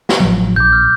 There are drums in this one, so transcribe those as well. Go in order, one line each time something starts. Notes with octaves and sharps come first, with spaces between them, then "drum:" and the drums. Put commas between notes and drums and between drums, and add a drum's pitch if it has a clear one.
drum: snare
A1 F3 F#3
A#1 D6 G6
F6